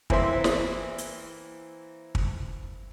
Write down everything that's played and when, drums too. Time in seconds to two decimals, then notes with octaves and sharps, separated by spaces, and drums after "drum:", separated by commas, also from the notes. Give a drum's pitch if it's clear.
0.10 E3 A#3 C4 E5 C6, drum: kick
0.44 drum: snare
0.98 drum: hi-hat
2.15 drum: kick